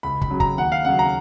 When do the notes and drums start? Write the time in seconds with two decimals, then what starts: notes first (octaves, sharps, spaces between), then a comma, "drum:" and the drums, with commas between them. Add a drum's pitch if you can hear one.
0.03 C#2 B5
0.22 B5, drum: kick
0.30 C#3 F#3
0.40 A#5, drum: kick
0.57 D#2 F#5
0.72 F5
0.85 C#3 F#3 F#5
0.99 A#5